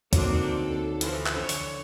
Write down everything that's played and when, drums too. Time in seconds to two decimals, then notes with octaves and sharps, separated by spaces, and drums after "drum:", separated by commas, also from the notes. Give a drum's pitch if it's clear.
0.13 D2 A#3 C4 D4 D#4 F#4 A4 C#5, drum: kick, hi-hat
1.01 E3 F3, drum: hi-hat
1.26 drum: clap
1.36 D3 C#5
1.49 drum: open hi-hat